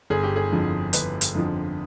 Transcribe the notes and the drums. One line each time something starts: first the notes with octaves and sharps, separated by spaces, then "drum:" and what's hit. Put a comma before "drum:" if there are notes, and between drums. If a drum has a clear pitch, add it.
G1 G#4
G4
G#4
F2 D3 F3
G1 B4, drum: hi-hat
drum: hi-hat
F2 D3 F3